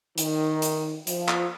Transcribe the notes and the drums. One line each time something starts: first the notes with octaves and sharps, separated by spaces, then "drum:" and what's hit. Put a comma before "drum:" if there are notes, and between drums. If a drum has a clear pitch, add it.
D#3, drum: hi-hat
drum: hi-hat
F3, drum: hi-hat
drum: clap